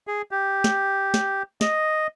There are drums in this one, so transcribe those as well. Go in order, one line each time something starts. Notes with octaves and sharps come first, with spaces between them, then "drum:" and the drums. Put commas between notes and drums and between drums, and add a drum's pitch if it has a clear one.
G#4
G4
drum: snare
drum: snare
D#5, drum: snare